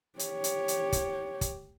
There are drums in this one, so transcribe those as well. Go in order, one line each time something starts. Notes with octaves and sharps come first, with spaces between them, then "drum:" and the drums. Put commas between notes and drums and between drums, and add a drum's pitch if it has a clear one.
G4 C#5, drum: hi-hat
drum: hi-hat
drum: hi-hat
drum: kick, hi-hat
drum: kick, hi-hat